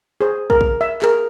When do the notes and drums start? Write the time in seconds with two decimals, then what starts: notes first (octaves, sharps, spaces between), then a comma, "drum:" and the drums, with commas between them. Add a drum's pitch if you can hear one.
0.21 G#4 C5
0.50 A#4, drum: kick
0.61 drum: kick
0.81 E5
1.02 G#4 A#4, drum: clap